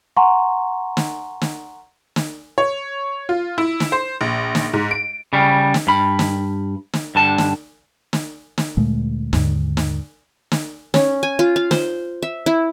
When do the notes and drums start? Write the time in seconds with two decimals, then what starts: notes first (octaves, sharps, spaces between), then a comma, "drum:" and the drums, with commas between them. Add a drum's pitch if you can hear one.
0.17 F#5 G#5 A#5 C6 C#6
0.97 drum: snare
1.42 drum: snare
2.16 drum: snare
2.58 C#5
3.29 F4
3.58 E4
3.80 drum: snare
3.92 C5
4.21 A#1
4.55 drum: snare
4.74 G#2
4.91 D7
5.33 C#3 G3
5.74 drum: snare
5.87 G2 B5
6.19 drum: snare
6.93 drum: snare
7.15 G2 D3 A5
7.38 drum: snare
8.13 drum: snare
8.58 drum: snare
8.77 D2 A#2 G#3 A3
9.33 D#2 G#2 D3, drum: snare
9.77 drum: snare
10.52 drum: snare
10.94 C#4, drum: snare
11.23 G#5
11.39 F4
11.56 F5
11.71 C5, drum: snare
12.22 E5
12.46 E4